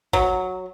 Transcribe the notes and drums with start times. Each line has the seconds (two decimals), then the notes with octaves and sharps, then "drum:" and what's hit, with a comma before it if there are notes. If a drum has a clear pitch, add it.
0.13 F#3, drum: kick G#1